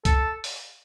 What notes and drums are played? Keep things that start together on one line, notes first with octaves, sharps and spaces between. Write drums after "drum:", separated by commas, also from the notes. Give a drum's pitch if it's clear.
A4, drum: kick C#2, hi-hat
drum: open hi-hat